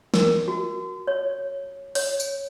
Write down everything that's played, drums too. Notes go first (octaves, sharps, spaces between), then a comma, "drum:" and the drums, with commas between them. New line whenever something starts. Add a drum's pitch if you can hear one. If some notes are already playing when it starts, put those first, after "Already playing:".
A#4, drum: snare
F#4
C#5
C#5, drum: open hi-hat
drum: tambourine